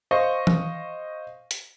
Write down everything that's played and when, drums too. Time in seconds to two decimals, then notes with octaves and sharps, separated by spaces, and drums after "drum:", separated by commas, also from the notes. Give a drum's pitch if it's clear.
0.11 C5 D#5 F5 C#6
0.47 drum: tom E3
1.51 drum: hi-hat